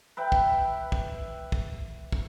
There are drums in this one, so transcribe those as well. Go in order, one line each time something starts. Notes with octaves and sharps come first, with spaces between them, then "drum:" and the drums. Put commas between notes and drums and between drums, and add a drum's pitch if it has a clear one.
B4 E5 G5
drum: kick
drum: kick
drum: kick
drum: kick